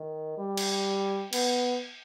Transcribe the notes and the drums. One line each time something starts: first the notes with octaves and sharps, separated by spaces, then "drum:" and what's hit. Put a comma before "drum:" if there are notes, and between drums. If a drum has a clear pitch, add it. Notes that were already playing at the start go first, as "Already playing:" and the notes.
Already playing: D#3
G3
drum: cymbal
B3, drum: cymbal